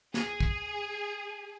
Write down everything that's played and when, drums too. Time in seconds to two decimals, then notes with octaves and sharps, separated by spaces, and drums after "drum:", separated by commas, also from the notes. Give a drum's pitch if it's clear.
0.14 G#4, drum: snare
0.40 drum: kick